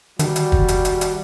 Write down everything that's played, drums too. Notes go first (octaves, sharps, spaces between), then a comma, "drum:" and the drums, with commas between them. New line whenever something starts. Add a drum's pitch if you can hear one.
D#3 G3 F#4, drum: hi-hat
drum: hi-hat
drum: kick
drum: hi-hat
drum: hi-hat
drum: hi-hat